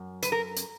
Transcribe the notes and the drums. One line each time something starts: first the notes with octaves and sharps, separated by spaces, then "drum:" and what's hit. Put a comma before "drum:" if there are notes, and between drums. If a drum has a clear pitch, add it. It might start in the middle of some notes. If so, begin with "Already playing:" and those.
Already playing: F#2
B4, drum: hi-hat
A#4
drum: hi-hat